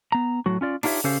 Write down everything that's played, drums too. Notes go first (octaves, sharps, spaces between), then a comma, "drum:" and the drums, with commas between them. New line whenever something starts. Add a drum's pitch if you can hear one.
B3 A#5
A2 F#3 F#4
C#4 F4 D5
D4 D#4 F4 G4 C#5 E5, drum: open hi-hat
C#3 C#4 G4 A4 C5 F5